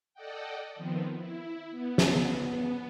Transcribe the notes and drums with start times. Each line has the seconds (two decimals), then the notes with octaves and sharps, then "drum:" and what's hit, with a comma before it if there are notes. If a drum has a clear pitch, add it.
0.14 A4 D5 D#5 F#5 G5
0.75 D#3 F3 B3 C4
1.16 E4
1.70 B3
1.98 drum: snare